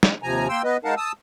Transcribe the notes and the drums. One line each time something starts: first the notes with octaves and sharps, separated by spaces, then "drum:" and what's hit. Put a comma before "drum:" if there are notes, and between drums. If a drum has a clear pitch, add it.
drum: snare
D#2 C3 F3 G#5 A#5
A#3 G5 C6 E6
B3 B4 D#5
G#3 D#4 A#4 F5 F#5 A5
A5 D#6 E6